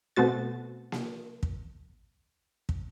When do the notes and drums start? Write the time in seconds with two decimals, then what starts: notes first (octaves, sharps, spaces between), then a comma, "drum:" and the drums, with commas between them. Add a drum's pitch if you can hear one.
0.16 B2 A3 C4 F#4 A6
0.92 drum: snare A#3
1.43 drum: kick
2.69 drum: kick